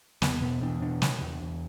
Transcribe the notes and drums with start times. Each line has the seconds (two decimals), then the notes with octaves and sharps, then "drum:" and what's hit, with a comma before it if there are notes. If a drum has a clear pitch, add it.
0.22 E2 B3, drum: snare
0.41 B2 B3
0.61 E2 D4
0.81 B2 D4
1.02 C3, drum: snare
1.21 E2
1.42 E2